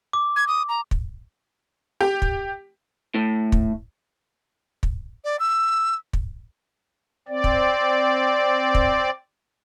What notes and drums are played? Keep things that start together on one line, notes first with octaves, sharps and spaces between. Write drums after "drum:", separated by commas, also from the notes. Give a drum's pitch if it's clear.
D6
G#6
D#6
A#5
drum: kick
G4
drum: kick
A2
drum: kick
drum: kick
D5
E6
drum: kick
C4 D5
drum: kick
drum: kick